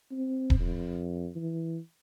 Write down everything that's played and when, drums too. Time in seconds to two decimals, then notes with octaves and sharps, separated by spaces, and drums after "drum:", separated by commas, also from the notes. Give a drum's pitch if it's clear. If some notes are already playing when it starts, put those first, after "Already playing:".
0.12 C4
0.50 drum: kick D#1
0.60 F2
1.35 E3